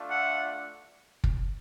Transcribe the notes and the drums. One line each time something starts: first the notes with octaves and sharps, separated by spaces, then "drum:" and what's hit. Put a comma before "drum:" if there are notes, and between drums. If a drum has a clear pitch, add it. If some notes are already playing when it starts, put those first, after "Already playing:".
Already playing: A3 D4 F4
E5 F#5
drum: kick